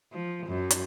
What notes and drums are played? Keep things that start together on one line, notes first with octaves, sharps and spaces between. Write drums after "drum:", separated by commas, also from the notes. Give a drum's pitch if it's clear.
F3
F#2
drum: hi-hat